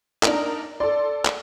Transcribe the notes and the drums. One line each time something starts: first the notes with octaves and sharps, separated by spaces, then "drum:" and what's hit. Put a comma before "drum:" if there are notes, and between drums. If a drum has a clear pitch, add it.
D4 D#4 A#4, drum: clap
A4 D5 C6
drum: clap